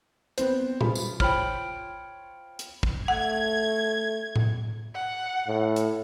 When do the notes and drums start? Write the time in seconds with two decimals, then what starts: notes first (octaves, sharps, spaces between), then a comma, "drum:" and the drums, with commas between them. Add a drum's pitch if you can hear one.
0.38 B3 C4 C5, drum: hi-hat
0.81 F4 G#4 B5, drum: tom A#2
0.95 drum: tambourine
1.20 F4 C5 C#5 G5 B5 F6, drum: kick
2.59 drum: hi-hat
2.83 drum: kick
3.08 A3 F#5 G#6
4.36 drum: tom A2
4.95 F#5
5.47 A2
5.76 drum: hi-hat